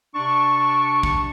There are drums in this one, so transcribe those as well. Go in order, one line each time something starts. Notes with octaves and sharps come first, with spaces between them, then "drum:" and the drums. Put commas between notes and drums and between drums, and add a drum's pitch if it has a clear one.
C3 D4 A5 C#6
drum: kick A#1